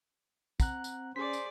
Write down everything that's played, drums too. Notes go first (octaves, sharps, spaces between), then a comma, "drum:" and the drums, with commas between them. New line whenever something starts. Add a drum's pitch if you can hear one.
C4 F#5 A#5 F#6, drum: kick, tambourine
drum: tambourine
C#4 G#4 C5 D5 B6
drum: tambourine